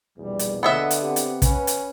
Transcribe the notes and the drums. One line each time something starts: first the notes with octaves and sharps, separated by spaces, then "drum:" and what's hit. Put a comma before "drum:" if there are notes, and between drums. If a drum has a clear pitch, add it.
A#1 E2 B2 G3
drum: hi-hat
D3 B3 D#5 E5
drum: hi-hat
C4 G4
drum: hi-hat
C#4 B4, drum: kick, hi-hat
drum: hi-hat